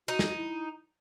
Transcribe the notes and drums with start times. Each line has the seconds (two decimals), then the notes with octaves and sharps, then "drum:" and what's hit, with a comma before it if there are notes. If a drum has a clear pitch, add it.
0.08 D#4 F#4
0.19 drum: snare
0.29 F#4
0.36 E4